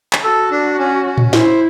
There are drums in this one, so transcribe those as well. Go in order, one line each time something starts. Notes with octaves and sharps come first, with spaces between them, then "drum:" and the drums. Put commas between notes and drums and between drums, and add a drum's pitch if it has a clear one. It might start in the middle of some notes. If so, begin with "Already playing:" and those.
drum: clap
F#4 A4
D4
C#4
C#4
drum: tom A2
E4 C5, drum: snare